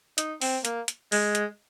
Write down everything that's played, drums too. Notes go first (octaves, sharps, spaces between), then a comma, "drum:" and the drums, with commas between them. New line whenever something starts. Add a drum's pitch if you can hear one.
D#4, drum: hi-hat
C4, drum: open hi-hat
A#3, drum: hi-hat
drum: hi-hat
G#3, drum: open hi-hat
drum: hi-hat